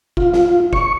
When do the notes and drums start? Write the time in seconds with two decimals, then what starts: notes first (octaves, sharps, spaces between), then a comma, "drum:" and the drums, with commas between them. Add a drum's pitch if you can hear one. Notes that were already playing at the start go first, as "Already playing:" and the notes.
0.17 F4, drum: kick
0.34 drum: snare
0.73 C#6, drum: kick